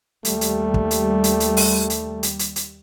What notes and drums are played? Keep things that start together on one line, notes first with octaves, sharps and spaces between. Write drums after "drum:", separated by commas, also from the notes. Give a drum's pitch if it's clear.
D#2 G3 A3, drum: hi-hat
drum: hi-hat
drum: kick
drum: hi-hat
drum: hi-hat
drum: hi-hat
drum: open hi-hat
drum: hi-hat
drum: hi-hat
drum: hi-hat
drum: hi-hat